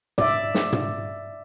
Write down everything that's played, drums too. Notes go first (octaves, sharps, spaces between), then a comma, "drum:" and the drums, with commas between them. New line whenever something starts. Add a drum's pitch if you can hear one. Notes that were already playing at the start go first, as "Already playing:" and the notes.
D5 E5, drum: tom
drum: snare
drum: tom